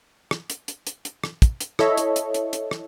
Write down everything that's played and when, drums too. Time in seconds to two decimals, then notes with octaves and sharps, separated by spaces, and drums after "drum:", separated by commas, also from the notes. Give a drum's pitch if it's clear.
0.31 drum: rim click
0.50 drum: hi-hat
0.68 drum: hi-hat
0.87 drum: hi-hat
1.05 drum: hi-hat
1.24 drum: rim click
1.42 drum: kick, hi-hat
1.61 drum: hi-hat
1.79 E4 A4 C#5 D#5 E5, drum: rim click
1.97 drum: hi-hat
2.16 drum: hi-hat
2.34 drum: hi-hat
2.53 drum: hi-hat
2.71 drum: rim click